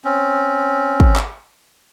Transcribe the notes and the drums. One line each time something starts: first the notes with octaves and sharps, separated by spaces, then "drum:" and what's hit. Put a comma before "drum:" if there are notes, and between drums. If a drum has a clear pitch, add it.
C4 C#4
drum: kick
drum: clap